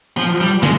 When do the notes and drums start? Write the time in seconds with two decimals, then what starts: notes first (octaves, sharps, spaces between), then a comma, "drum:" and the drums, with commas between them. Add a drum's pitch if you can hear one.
0.18 F3
0.41 G3
0.63 G#3, drum: snare